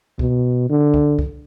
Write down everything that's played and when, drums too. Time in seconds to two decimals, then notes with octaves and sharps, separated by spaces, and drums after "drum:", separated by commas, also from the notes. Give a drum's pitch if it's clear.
0.19 B2, drum: kick
0.69 D3
0.94 drum: kick
1.19 drum: kick